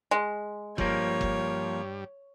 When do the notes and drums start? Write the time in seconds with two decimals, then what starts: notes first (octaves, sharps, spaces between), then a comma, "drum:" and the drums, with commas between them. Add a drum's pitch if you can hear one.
0.11 G#3
0.78 G2 F3 G3 A#3 C#5, drum: kick F#1
1.21 drum: kick F#1